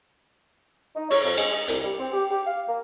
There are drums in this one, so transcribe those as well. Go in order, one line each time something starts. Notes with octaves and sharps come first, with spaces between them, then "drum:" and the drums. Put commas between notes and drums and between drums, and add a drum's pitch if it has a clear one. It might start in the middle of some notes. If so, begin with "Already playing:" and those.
D#4
C#5, drum: open hi-hat
F2
G#3, drum: cymbal
D#5
C2, drum: hi-hat
G3
C4
G4
G4
F5
A#3